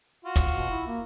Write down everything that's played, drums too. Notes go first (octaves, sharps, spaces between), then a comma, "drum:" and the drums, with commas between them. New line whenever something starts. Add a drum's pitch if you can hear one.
F4 F#4
drum: kick, hi-hat
B2
E4
A#3